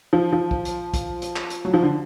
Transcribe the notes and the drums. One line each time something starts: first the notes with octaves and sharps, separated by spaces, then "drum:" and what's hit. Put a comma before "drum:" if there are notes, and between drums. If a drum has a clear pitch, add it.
F3
F3
drum: kick A#1
drum: hi-hat
drum: kick A#1, hi-hat
drum: hi-hat
drum: clap
drum: hi-hat
F#3
F3
D3